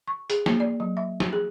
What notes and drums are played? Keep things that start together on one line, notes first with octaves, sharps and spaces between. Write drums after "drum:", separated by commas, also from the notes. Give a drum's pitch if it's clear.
C#6
G#4, drum: hi-hat
A#3, drum: snare
D5
F#3
E5
drum: snare
G#4